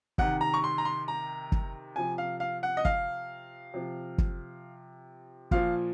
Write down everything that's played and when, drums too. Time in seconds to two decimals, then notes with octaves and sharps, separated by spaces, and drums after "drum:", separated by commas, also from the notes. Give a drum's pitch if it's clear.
0.18 C3 D#3 F#5, drum: kick
0.41 A#5
0.54 C#6
0.64 C6
0.78 A#5
0.85 C6
1.08 A#5
1.52 drum: kick
1.96 C3 F3 G#5
2.18 F5
2.40 F5
2.63 F#5
2.77 D#5
2.85 F5, drum: kick
3.74 C3 F3
4.18 drum: kick
5.51 A#2 F3 F5, drum: kick